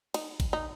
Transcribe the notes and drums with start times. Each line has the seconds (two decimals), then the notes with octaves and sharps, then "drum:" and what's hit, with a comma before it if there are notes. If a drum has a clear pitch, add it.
0.14 D#4, drum: cymbal
0.40 drum: kick, cymbal
0.53 D#4